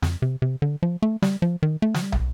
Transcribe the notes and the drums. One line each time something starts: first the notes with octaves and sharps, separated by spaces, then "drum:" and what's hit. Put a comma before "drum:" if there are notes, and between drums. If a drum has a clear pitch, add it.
F2, drum: snare
C3
C3
D3
F3
A3
G3, drum: snare
F3
D#3
A3
F3, drum: snare
G3
drum: tom